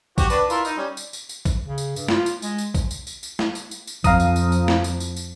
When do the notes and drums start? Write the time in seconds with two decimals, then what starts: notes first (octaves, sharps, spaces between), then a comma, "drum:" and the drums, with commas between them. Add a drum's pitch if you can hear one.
0.18 F#4 G4, drum: kick A#1, tambourine
0.30 D4 B4 A5, drum: tambourine
0.50 E4 F4 A#4, drum: tambourine
0.65 D#4, drum: tambourine
0.77 G3 C#4
0.97 drum: tambourine
1.13 drum: tambourine
1.29 drum: tambourine
1.45 drum: kick A#1, tambourine
1.67 C#3
1.78 drum: tambourine
1.96 G2, drum: tambourine
2.08 F4, drum: snare
2.26 drum: tambourine
2.42 G#3, drum: tambourine
2.58 drum: tambourine
2.75 drum: kick A#1, tambourine
2.91 drum: tambourine
3.07 drum: tambourine
3.23 drum: tambourine
3.39 drum: snare
3.55 drum: tambourine
3.71 drum: tambourine
3.87 drum: tambourine
4.04 F2 F3 F5 A#5 D#6, drum: kick A#1, tambourine
4.20 drum: tambourine
4.36 drum: tambourine
4.52 drum: tambourine
4.68 drum: snare
4.84 drum: tambourine
5.00 drum: tambourine
5.16 drum: tambourine